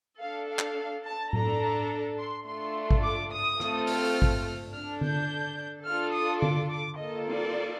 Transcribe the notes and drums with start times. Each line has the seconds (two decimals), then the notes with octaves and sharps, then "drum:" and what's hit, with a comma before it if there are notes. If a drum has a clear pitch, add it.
0.20 D4 A4 F5
0.48 F5
0.59 drum: clap
1.05 A5
1.33 D4 A4 A#5, drum: tom A2
2.18 C6
2.46 A3 D4 F4 A4 C6
2.91 drum: kick G#1
3.03 D6
3.32 D#6
3.60 A3 C4 F4 A4, drum: rim click
3.87 F6, drum: open hi-hat
4.22 drum: kick G#1
4.73 D4 A4 F6
5.01 G6, drum: tom D3
5.85 D4 F4 A4 F6
6.13 D#6
6.42 D6, drum: tom D3
6.70 D6
6.98 A#3 F4 A4 D#5
7.27 D5, drum: cymbal